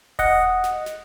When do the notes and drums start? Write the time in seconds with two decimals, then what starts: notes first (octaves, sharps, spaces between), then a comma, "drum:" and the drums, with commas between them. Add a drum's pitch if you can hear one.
0.19 D#5 F#5, drum: kick E1, open hi-hat
0.64 drum: snare
0.86 drum: snare